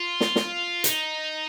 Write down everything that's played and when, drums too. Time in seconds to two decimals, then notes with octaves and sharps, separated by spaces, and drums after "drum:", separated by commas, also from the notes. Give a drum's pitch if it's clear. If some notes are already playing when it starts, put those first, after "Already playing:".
Already playing: F4
0.21 drum: snare
0.36 drum: snare
0.84 D#4, drum: hi-hat